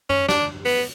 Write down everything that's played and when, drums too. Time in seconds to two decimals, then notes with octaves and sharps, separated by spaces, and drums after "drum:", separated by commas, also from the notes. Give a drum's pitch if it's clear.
0.10 C#4, drum: tom F#2
0.29 D4, drum: snare
0.65 B3, drum: open hi-hat